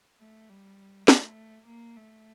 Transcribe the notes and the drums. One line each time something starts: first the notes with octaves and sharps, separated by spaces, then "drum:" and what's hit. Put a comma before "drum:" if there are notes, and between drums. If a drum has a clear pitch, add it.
A3
G3
A3, drum: snare
A#3
A3